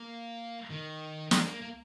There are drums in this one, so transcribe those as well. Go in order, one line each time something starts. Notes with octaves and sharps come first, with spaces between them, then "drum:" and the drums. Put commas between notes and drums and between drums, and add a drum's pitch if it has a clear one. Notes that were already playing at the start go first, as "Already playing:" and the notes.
Already playing: A#3
D#3
G#3, drum: snare
A#3
A#3